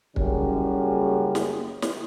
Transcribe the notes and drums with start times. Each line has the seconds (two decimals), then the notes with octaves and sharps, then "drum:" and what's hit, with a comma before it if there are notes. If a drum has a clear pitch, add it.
0.16 F#1 F#2 C#3 G3 C#4, drum: kick
1.35 drum: snare
1.82 drum: snare